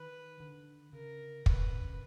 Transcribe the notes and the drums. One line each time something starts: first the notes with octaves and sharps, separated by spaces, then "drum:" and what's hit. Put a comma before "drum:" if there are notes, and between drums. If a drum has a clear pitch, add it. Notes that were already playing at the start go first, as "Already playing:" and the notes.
Already playing: D#3 B4
D3
C#3 A#4
C#3 B4, drum: kick
D3
C#3